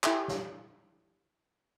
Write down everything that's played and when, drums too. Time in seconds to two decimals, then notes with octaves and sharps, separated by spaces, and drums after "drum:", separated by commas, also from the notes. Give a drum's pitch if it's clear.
0.04 E4 G4 A4 E5 G5 G#5, drum: clap
0.28 drum: snare